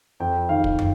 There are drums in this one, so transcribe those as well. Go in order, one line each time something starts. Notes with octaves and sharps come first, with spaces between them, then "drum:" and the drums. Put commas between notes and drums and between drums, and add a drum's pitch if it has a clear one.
F2 G5
D#3 F5
drum: kick
drum: tom